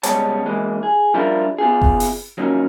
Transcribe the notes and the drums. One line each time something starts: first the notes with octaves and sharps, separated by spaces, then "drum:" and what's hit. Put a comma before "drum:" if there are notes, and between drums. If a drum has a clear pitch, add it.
C#2 G3 G#3 B3 C#5 A5, drum: hi-hat
E3 G#3 A#3
G#4
F3 G3 D4 E4 F4 A#4
B3 F4 G#4
drum: kick F#1
drum: open hi-hat
D#3 F3 F#3 A#3 C#4